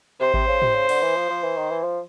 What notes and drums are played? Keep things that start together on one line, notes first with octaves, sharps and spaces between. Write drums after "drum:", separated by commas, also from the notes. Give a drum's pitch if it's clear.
C3 C5
C3, drum: kick G#1
C#3
C3, drum: tom
C#3
D3, drum: cymbal
E3
F3
F3
E3
D#3
E3
F3